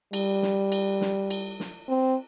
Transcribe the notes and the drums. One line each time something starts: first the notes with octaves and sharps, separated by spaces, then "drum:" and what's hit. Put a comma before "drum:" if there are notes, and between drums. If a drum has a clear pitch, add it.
G3, drum: cymbal
drum: snare
drum: cymbal
drum: snare
drum: cymbal
drum: snare
C4